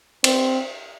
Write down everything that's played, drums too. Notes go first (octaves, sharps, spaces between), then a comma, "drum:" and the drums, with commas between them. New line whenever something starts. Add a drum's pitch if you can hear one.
C4, drum: cymbal